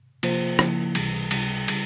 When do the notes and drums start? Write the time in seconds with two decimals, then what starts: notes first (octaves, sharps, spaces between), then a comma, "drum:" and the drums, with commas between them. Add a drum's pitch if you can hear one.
0.23 C3 F3 A#3 F4 C5, drum: cymbal
0.59 C#3 F3 A#3 E4, drum: rim click
0.95 C#2 C3 E3 G3, drum: cymbal
1.31 C#2 C3 G3, drum: cymbal
1.68 C#3 G3, drum: cymbal